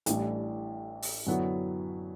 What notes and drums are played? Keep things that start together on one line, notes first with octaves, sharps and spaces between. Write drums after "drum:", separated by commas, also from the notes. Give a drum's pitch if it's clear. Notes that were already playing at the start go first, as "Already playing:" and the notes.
A1 A2 E3 G3 D4, drum: hi-hat
drum: open hi-hat
F#2 D3 F#3 B3 E4